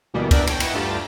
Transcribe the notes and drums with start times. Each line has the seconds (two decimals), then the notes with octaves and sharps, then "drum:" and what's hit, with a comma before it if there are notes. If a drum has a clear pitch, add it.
0.14 D2 B2 E3 G3 A#3 B3
0.31 B3 D4 A#4 D5 E5 G5, drum: kick, cymbal
0.47 A4 C#5 G5, drum: cymbal
0.60 E4 D#5 F#5 G5 C#6, drum: cymbal
0.74 G2 A3 F4 G4 D5 A5